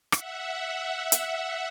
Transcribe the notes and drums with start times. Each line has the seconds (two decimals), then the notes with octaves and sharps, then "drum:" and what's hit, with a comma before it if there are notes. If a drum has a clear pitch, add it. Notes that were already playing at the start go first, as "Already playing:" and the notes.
0.12 E5 F#5, drum: rim click
1.12 drum: hi-hat